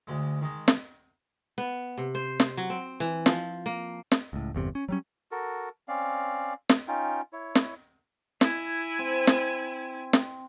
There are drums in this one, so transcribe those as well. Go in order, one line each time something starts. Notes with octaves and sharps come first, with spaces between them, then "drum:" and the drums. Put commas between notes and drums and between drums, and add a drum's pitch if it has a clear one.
D2 G#3
D#3 G#3
drum: snare
B3
C3
C5
drum: snare
F#3
C4
E3
F3, drum: snare
A#3
drum: snare
C#2 A2
G1 E2 C3
C#4
F#3 G3 C#4
F#4 A4 A#4
C4 C#4 D5 F5
drum: snare
C#4 D#4 F4 G5
E4 C#5
drum: snare
E4 G#5, drum: snare
C4
drum: snare
drum: snare